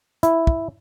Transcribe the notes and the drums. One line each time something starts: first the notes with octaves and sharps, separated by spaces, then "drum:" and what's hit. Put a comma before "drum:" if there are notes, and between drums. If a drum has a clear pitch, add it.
E4, drum: hi-hat
drum: kick